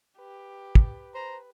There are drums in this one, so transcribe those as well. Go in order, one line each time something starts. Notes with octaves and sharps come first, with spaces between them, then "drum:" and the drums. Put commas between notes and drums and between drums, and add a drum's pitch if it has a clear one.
G4 B4
drum: kick
C5 A#5